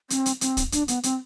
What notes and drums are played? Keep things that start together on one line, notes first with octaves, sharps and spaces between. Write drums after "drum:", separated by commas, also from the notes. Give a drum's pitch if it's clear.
C4, drum: hi-hat
drum: hi-hat
C4, drum: hi-hat
drum: kick, hi-hat
D4, drum: hi-hat
B3, drum: hi-hat
C4, drum: hi-hat